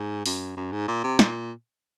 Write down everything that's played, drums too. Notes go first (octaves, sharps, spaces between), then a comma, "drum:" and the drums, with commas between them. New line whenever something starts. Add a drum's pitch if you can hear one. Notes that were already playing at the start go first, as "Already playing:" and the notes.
Already playing: G#2
F#2, drum: open hi-hat
F#2
G#2
A#2
C3
A#2, drum: snare